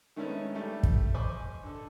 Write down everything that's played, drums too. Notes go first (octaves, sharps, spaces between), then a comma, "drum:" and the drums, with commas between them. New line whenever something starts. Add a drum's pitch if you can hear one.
D#3 G#3 A3 B3 C#4 E4
G3 A3
drum: kick
C5 D#5 G#5 B5 C#6 D6
D3 A4